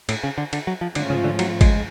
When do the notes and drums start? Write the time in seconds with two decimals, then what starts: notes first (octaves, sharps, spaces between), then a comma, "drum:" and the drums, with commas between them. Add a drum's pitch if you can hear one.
0.09 A2, drum: cymbal
0.24 C#3
0.38 D3
0.53 D3, drum: cymbal
0.67 F#3
0.81 F3
0.95 G#2 D3 F3 A3 C#4 F4, drum: cymbal
1.10 C#3
1.24 D3
1.39 F#3, drum: cymbal
1.61 G#3, drum: kick, cymbal